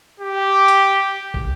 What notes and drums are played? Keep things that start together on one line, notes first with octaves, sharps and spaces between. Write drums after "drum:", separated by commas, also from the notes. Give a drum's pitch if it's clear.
G4
drum: hi-hat
drum: kick